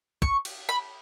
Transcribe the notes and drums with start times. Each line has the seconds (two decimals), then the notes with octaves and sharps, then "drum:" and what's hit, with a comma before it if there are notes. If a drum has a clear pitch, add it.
0.22 C#6, drum: kick
0.45 drum: cymbal
0.69 B5